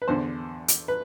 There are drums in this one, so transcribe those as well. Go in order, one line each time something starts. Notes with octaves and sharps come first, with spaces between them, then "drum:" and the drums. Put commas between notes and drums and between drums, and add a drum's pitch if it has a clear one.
B4
E2 D3 C5
drum: hi-hat
B4